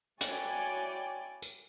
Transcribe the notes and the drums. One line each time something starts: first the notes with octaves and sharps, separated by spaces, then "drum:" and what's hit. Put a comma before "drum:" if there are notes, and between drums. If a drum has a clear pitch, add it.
E4 F#4 C#5 D5 G5 G#5, drum: hi-hat
drum: tambourine